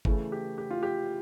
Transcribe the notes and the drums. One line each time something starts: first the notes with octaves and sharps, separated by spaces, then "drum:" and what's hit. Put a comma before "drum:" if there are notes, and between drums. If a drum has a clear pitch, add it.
C#3 E3 A3, drum: kick
G4
G4
F4
G4